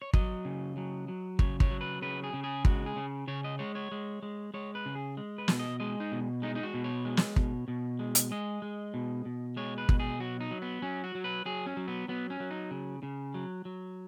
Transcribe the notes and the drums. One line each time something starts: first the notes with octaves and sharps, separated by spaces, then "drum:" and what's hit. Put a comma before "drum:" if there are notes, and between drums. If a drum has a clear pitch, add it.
C#5
F#3 D#5, drum: kick
C#3
F#3
F#3
C#3 C#5, drum: kick
C#5, drum: kick
F#3
B4
C#3 B4
G#4
C#3
G#4
G#3 F#4, drum: kick
G#4
C#3
C#3 C#5
D#5
G#3 C#5
C#5
G#3
G#3
G#3 C#5
B4
C#3
G#4
G#3
B4
B2, drum: snare
D#5
G#3 D#5
D#4
B2
G#3 D#4
D#4
F#4
B2
C#5
G#3
drum: snare
B2, drum: kick
B2
G#3
drum: hi-hat
G#3 D#5
G#3
B2
B2
G#3 C#5
B4
B2, drum: kick
G#4
F#3 F#4
D#4
F#3
B3
F#3 C#4
F#4
F#3
B4
F#3 G#4
C#4
F#3
B3
F#3 B3
C#4
F#3
D#4
C#3
C#3
F#3
F#3